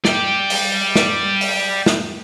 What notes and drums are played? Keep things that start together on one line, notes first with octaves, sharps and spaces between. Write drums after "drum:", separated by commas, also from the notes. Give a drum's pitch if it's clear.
D5 G5, drum: snare
drum: open hi-hat
drum: snare
drum: open hi-hat
drum: snare